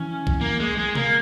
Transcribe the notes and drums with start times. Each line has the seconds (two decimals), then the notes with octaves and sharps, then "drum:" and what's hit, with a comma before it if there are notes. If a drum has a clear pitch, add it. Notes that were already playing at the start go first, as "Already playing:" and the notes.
Already playing: E3 C#4
0.27 drum: kick B1
0.41 A#3
0.59 G#3
0.77 G#3
0.95 A#3, drum: tom C3